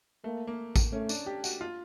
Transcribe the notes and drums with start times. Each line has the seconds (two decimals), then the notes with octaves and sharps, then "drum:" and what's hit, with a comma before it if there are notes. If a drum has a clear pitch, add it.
0.24 A3 A#3
0.47 A#3
0.76 drum: kick A1, tambourine
0.92 A3 C#4
1.09 D4, drum: tambourine
1.26 G4
1.44 F#4, drum: tambourine
1.61 F4